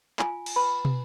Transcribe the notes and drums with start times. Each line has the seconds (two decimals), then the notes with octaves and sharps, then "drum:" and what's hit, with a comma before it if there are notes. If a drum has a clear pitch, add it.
0.19 F4 G#5, drum: clap
0.46 drum: cymbal
0.56 B4 B5
0.85 drum: tom